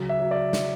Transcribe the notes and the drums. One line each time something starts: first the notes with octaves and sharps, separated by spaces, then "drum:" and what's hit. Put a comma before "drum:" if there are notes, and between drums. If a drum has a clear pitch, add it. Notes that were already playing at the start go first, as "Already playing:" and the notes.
Already playing: C#3 F#3
E5
F#3
D5
drum: snare